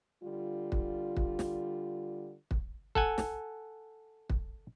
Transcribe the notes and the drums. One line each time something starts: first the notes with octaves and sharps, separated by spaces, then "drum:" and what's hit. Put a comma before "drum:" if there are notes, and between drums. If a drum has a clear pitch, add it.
D3 G3 F4
drum: kick
drum: kick
drum: snare
drum: kick
A4 F#5 G#5, drum: kick
drum: snare
drum: kick